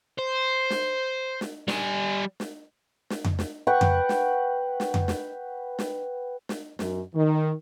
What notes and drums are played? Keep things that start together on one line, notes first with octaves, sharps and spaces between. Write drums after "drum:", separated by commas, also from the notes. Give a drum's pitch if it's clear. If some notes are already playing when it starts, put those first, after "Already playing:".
C5
drum: snare
drum: snare
G3 G#5, drum: snare
drum: snare
drum: snare
drum: tom F2
drum: snare
B4 F#5 G5 C#6
drum: tom F2
drum: snare
drum: snare
drum: tom F2
drum: snare
drum: snare
drum: snare
F#2, drum: snare
D#3